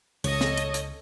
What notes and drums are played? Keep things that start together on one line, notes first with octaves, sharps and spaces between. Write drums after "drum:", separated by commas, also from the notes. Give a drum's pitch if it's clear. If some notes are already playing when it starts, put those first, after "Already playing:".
C#2 A4 C#5 D#5, drum: open hi-hat
drum: snare
drum: hi-hat
drum: hi-hat